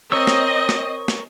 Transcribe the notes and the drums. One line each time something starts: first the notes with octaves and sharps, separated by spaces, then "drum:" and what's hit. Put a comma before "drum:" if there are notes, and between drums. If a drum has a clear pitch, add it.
C4 A#4 C#5 D#5 E6
drum: snare
drum: snare
drum: snare